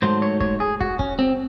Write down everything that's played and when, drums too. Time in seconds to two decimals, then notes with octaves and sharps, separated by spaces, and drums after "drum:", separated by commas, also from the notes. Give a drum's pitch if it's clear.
0.02 G#2 F#3 A3 C5
0.22 C#5
0.41 C#5, drum: kick
0.60 G#4
0.81 F#4, drum: kick
0.99 C#4, drum: kick
1.19 C4